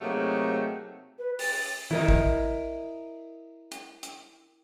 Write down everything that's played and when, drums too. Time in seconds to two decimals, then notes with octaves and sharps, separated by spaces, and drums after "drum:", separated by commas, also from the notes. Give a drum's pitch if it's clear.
0.01 C3 F#3 A3 A#3 D#4 G#4
1.19 B4
1.39 A6, drum: open hi-hat
1.91 E4 A#4 D#5, drum: tom
2.08 drum: kick
3.72 drum: hi-hat
4.03 drum: hi-hat